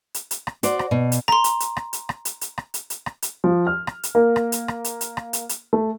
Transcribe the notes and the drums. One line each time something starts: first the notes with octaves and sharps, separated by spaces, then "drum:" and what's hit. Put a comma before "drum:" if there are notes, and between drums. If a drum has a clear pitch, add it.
drum: hi-hat
drum: hi-hat
drum: rim click
F#4 C5 D5, drum: hi-hat
drum: rim click
B2
drum: hi-hat
A#5 C6, drum: rim click
drum: hi-hat
drum: hi-hat
drum: rim click
drum: hi-hat
drum: rim click
drum: hi-hat
drum: hi-hat
drum: rim click
drum: hi-hat
drum: hi-hat
drum: rim click
drum: hi-hat
F3
F6
drum: rim click
drum: hi-hat
A#3
drum: rim click
drum: hi-hat
drum: rim click
drum: hi-hat
drum: hi-hat
drum: rim click
drum: hi-hat
drum: hi-hat
A3